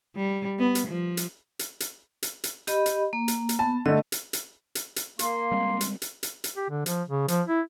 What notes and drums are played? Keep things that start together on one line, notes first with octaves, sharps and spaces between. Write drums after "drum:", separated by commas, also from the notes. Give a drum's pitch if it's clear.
G3
B3
drum: hi-hat
F3
drum: hi-hat
drum: hi-hat
drum: hi-hat
drum: hi-hat
drum: hi-hat
G4 D#5 B5, drum: hi-hat
drum: hi-hat
A#3
drum: hi-hat
drum: hi-hat
B3 A5
D3 A3 D#5
drum: hi-hat
drum: hi-hat
drum: hi-hat
drum: hi-hat
A#3 C6, drum: hi-hat
G3 G#3 C4
drum: hi-hat
drum: hi-hat
drum: hi-hat
drum: hi-hat
G4
D3
F3, drum: hi-hat
C#3
F3, drum: hi-hat
E4